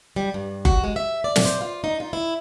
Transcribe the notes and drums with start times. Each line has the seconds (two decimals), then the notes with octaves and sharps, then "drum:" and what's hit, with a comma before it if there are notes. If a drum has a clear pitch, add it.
0.16 G3
0.34 G2
0.65 F#4, drum: kick F#1
0.84 G#3
0.96 E5
1.24 D5
1.36 drum: snare
1.45 C5
1.61 F4
1.84 D#4
2.00 F4
2.13 E4